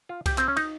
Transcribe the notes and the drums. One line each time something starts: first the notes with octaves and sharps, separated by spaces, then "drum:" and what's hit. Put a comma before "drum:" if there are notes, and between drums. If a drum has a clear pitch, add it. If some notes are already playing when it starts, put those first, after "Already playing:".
F4
G4, drum: kick C2, cymbal
C4, drum: clap
C#4
D#4, drum: cymbal